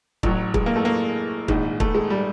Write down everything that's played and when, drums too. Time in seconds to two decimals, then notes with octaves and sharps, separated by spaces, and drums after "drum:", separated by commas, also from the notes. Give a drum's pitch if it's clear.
0.23 A1 A2 F#3, drum: kick
0.54 G#3, drum: kick
0.66 A#3
0.76 A3
0.85 A#3
1.48 A#1 G#2 D#3, drum: kick
1.80 A3, drum: kick
1.95 G#3
2.10 G3